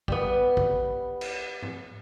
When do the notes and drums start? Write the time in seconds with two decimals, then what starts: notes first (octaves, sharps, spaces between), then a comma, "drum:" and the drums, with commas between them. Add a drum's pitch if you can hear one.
0.08 G3 B3, drum: kick
0.57 drum: kick
1.21 drum: cymbal
1.62 drum: tom G#2